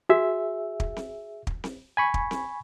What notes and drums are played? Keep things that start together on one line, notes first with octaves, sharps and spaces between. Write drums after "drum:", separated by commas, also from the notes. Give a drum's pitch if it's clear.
F#4 G#4 E5
drum: kick
drum: snare C4
drum: kick
drum: snare C4
G#5 B5 C#6
drum: kick
drum: snare C4